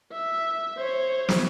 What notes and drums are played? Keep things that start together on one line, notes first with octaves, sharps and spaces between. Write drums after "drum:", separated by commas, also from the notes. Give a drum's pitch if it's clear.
E5
C5 C#5
drum: snare